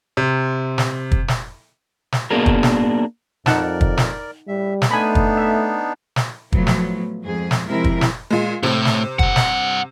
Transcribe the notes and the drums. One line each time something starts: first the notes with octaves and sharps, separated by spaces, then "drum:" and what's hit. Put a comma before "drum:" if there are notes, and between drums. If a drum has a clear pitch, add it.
C3
drum: snare
drum: kick
drum: snare
drum: snare
A#3 B3 D4 F#4 G#4 A#4
drum: kick
drum: snare
F2 D#4 A#4 D5 F#5 A5, drum: snare
drum: kick
drum: snare
A2 G3 E5
drum: snare
A3 B3 D4 D#4 G#5 B5
drum: kick
E5
drum: snare
A2 F3 F#3 A3 B3, drum: kick
drum: snare
F2 G#2 G#4
drum: snare
C3 F3 G#3 E4 A#4
drum: kick
drum: snare
A#2 G#3
A2 C3
drum: snare
G2 F#5, drum: kick
drum: snare